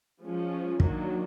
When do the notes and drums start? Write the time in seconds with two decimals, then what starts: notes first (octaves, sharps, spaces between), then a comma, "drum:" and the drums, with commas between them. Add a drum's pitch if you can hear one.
0.22 F3 G#3 C#4
0.80 D#3 F#3 A#3 D4, drum: kick